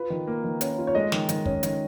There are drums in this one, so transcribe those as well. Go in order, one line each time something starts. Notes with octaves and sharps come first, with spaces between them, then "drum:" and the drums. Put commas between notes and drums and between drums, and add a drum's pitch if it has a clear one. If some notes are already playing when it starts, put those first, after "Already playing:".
Already playing: F4 B4
D#3
A#3
D#3
C#4, drum: hi-hat
F4
C#5
G#3 D#5
D#3, drum: snare
D#3, drum: hi-hat
C#4, drum: kick
D#3, drum: hi-hat